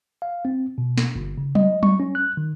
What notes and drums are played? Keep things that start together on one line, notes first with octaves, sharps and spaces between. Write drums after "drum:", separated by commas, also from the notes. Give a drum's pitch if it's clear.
F5
C4
B2
drum: snare
G1
C#3
D#5, drum: tom F#3
C#6, drum: tom F#3
C#4
F#6
D#3